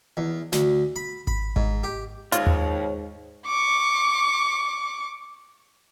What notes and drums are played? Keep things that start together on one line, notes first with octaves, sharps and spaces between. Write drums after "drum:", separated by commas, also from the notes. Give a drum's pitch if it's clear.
E2
D2, drum: snare
B5
B5, drum: kick G#1
G#2, drum: kick G#1
G4
D#2 G#2 F4 C#5, drum: hi-hat
drum: tom D#2
C#6 D6